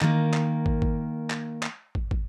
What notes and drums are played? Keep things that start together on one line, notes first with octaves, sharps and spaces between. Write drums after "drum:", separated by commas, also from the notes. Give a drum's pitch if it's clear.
D#3 A#3, drum: clap
drum: clap
drum: kick
drum: kick
drum: clap
drum: clap
drum: kick
drum: kick